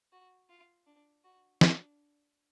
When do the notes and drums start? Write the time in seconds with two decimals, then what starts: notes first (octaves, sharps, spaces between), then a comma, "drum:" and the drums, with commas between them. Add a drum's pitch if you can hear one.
0.12 F#4
0.49 F4
0.87 D4
1.24 F#4
1.61 D4, drum: snare